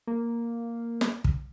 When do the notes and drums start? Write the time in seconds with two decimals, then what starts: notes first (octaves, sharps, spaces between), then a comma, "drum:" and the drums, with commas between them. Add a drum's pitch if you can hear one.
0.07 A#3
1.01 drum: snare
1.24 drum: kick